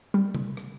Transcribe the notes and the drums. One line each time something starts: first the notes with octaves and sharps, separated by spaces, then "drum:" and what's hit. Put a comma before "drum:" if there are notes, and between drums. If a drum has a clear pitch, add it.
G3
drum: tom C3
drum: rim click